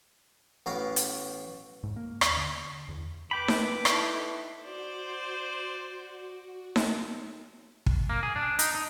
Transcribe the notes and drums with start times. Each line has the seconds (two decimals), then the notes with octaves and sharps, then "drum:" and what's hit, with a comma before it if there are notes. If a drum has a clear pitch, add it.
0.66 A1 B3 F#4 F5 G5
0.96 drum: hi-hat
1.83 G#2
1.96 A#3
2.21 D#2, drum: rim click
2.37 D3
2.88 E2
3.31 B4 G5 B5 D6
3.48 drum: snare D#4
3.85 D#4 E4 A4, drum: rim click
4.63 F#4 C5 D5
6.76 drum: snare D#4
7.86 drum: kick
8.10 A#3
8.23 G#4
8.36 D4
8.59 D#4, drum: hi-hat
8.75 D#4